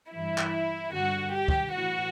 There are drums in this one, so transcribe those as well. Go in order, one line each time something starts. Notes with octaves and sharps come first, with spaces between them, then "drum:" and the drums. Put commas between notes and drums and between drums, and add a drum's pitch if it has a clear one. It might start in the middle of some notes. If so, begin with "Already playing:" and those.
G2 E3 E4
drum: clap
G2 D3 F#4
G4
drum: kick
A2 E3 F#4